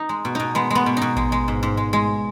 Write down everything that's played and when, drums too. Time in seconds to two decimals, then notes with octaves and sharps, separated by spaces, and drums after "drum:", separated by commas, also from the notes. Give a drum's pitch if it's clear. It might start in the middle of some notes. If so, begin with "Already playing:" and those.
Already playing: D#4
0.09 G#3
0.25 B2
0.35 B2 D#4
0.55 G#3 B3
0.70 G#3 B3
0.86 B2
0.97 B2 D#4
1.17 G#3, drum: kick A1
1.32 G#3
1.48 G#2
1.63 G#2
1.77 G#3
1.93 G#3